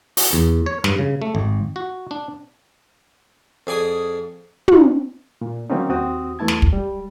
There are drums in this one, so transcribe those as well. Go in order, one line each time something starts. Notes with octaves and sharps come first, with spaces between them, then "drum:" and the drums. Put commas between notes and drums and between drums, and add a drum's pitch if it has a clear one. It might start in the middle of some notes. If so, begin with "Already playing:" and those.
F#4, drum: open hi-hat
E2
C#5
G2, drum: snare
C#3
A3
G#1
F#4
D4
F2 G#4 D5 G#5 D#6
drum: tom
A#2
D#3 F#3 A#3 C4 C#4 D#4
D#2 C4 F#4 D#6
E2 E3 A3 E4 A5 G#6
drum: snare
drum: kick
G3